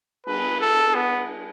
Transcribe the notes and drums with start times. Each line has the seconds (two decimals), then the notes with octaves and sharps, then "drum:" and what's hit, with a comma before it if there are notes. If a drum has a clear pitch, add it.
0.27 B4, drum: cymbal
0.61 A4
0.95 B3